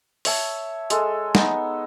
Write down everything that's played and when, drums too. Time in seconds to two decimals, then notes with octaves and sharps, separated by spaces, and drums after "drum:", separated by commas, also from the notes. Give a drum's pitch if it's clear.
0.25 C#5 E5 A5, drum: open hi-hat
0.90 G#3 A4, drum: hi-hat
1.35 B3 D#4, drum: snare